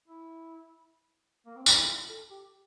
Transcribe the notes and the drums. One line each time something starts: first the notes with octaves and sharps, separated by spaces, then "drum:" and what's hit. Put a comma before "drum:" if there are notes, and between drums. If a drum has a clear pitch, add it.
E4
A#3
C4
D4, drum: tambourine
E4
F4
A4
G4